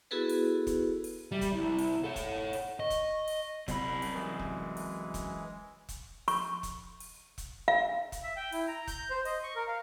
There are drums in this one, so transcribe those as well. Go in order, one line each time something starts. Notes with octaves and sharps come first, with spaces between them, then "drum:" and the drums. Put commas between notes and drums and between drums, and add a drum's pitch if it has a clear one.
B3 E4 F#4 G#4 A4 B4
drum: open hi-hat
drum: kick E1, hi-hat
drum: open hi-hat
G3 E5
drum: kick E1, hi-hat
C2 E4
drum: open hi-hat
A4 C#5 F#5
drum: kick E1, hi-hat
drum: open hi-hat
D#5 C#6
drum: kick E1, hi-hat
drum: open hi-hat
C2 F#2 B5, drum: kick E1, hi-hat
drum: open hi-hat
E3 G#3
drum: kick E1
drum: open hi-hat
drum: kick E1, hi-hat
drum: kick E1, hi-hat
C#6, drum: open hi-hat
drum: kick E1, hi-hat
drum: open hi-hat
drum: kick E1, hi-hat
F5
drum: kick E1, hi-hat
E5
G5
E4, drum: open hi-hat
A#5
G6, drum: kick E1, hi-hat
C5
D#5, drum: open hi-hat
C#6
A#4
F5